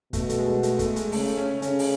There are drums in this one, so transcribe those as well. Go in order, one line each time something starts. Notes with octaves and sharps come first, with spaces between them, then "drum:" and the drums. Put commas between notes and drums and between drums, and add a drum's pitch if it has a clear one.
B2 A3, drum: kick, hi-hat
A3, drum: hi-hat
G#3
A3, drum: hi-hat
A3, drum: kick, hi-hat
G#3, drum: hi-hat
C#3 A3, drum: open hi-hat
C#4
C#3 C#4, drum: hi-hat
drum: open hi-hat